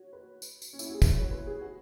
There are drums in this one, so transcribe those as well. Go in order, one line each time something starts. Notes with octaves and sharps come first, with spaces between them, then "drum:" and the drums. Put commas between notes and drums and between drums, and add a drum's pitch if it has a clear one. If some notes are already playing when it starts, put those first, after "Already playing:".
Already playing: F#4 C#5
B4
drum: tambourine
drum: tambourine
C#4
E4, drum: tambourine
F#4
G#4
B4, drum: kick, tambourine
C#5
B4
G#4
F#4